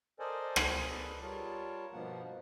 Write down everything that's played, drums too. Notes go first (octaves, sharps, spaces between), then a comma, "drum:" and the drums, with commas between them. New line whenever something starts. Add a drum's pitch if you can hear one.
A4 A#4 C5 D5 D#5 G#5
drum: rim click
G#4 A4 B4 D5
G3 F4 A#4 C#5 A5
G2 B2 F3 A#3 F#5